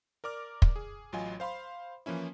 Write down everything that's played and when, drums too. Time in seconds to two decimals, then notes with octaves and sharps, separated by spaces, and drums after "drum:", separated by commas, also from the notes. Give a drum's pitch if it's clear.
0.24 A#4 D5 D6 F6
0.62 drum: kick
0.76 G#4
1.13 A1 F#3 F4 D#5 G#5
1.40 C5 F5 B5 C6
2.06 E3 F3 A#3 C#4 E4